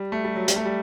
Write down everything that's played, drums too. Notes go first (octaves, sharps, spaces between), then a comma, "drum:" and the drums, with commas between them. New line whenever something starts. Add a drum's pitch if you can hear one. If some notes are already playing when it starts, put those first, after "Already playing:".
Already playing: G3
A3
G3
F#3
G3, drum: hi-hat
A3
G3